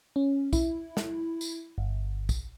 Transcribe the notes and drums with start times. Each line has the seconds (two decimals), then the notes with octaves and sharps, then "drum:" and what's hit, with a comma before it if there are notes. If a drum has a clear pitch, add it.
0.16 C#4
0.53 E4, drum: kick B1, tambourine
0.97 drum: snare
1.41 drum: tambourine
1.78 G1
2.29 drum: kick B1, tambourine